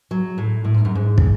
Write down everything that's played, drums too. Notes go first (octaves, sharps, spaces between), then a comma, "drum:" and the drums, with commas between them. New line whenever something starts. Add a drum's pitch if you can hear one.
F#3
A2
A2
G#2
F#2
G#2
drum: kick